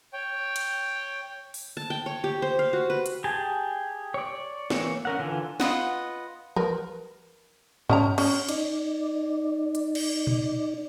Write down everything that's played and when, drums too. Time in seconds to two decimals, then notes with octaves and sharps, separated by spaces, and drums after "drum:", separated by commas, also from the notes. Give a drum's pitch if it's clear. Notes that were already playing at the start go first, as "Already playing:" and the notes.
0.13 C#5 G5
0.56 drum: cymbal
1.54 drum: open hi-hat
1.77 A5
1.90 G5
2.06 C#5
2.24 G4
2.42 C5
2.59 F5
2.73 F#4
2.90 B4
3.06 drum: hi-hat
3.24 G4 G#4 G#5 A5
4.14 C#5 D5
4.70 E3 A#3 C#5, drum: snare
5.05 C#4 A#4 F#5
5.19 D3 E3 F4 G#5
5.60 F4 B4 D#5 F#5, drum: snare
6.56 A#4 B4, drum: tom E3
7.89 C#4 D#5 A#5, drum: tom G2
8.18 C#4, drum: cymbal
8.49 D#4 D5, drum: cymbal
9.75 drum: hi-hat
9.95 drum: cymbal
10.27 drum: tom A#2